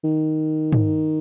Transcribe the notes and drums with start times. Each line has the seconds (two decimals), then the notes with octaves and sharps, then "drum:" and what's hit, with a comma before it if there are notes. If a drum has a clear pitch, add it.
0.04 D#3
0.73 drum: tom